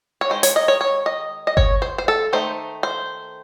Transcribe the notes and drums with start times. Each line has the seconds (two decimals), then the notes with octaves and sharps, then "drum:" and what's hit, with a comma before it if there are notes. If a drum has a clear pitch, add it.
0.21 C#5
0.30 D#3 G#3 C5
0.43 C#5, drum: hi-hat
0.56 D#5
0.68 C#5
0.81 C#5
1.06 D#5
1.47 D#5
1.57 C#5, drum: kick G1
1.82 C5
1.98 C5
2.08 A4
2.33 D#3 A3 D#4 C5
2.83 C5